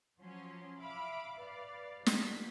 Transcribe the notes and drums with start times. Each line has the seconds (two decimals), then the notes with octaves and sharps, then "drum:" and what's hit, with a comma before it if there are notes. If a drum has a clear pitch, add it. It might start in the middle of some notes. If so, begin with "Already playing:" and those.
0.20 F3 F#3 C#4 C6
0.81 E5 F5 B5 D6
1.38 B4 D5 F5
2.06 G1 F#3 B6, drum: snare